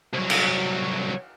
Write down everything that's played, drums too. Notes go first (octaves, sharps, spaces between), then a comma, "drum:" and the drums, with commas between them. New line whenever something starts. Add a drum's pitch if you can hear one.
C2 F#3
drum: cymbal